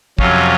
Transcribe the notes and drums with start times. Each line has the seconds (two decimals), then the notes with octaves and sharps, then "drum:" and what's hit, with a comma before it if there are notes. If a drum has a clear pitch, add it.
0.19 F2 C3 F#3 C#4 F4, drum: kick